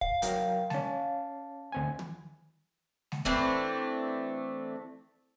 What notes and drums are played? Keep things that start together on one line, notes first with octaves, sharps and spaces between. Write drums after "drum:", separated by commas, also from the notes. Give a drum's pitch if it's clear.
F5, drum: kick
F#3 A#4 G5, drum: hi-hat
C#4 A5, drum: snare G#3
D2 C4 G#5
drum: tom
drum: snare G#3
E3 A3 C4 D4, drum: kick